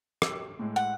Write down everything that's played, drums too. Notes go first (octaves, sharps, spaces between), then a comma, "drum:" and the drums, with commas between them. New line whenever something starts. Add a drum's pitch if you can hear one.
G4 D6 E6, drum: rim click
A2 G#3
F#5